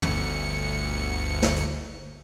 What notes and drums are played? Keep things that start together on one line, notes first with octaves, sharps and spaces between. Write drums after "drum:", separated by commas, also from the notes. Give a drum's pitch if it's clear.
G1 D2 C#7, drum: tom
drum: snare
drum: hi-hat